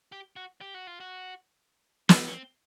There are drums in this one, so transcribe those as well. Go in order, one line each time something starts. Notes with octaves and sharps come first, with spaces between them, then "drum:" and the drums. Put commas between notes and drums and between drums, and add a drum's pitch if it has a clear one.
G4
F#4
G4
F#4
F4
F#4
F#4, drum: snare
C#4
C4